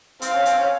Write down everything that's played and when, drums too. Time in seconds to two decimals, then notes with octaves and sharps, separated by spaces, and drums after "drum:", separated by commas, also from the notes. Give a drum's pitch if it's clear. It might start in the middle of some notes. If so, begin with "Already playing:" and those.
0.22 C4 F5, drum: hi-hat
0.34 C#4
0.46 C4, drum: hi-hat
0.58 C#4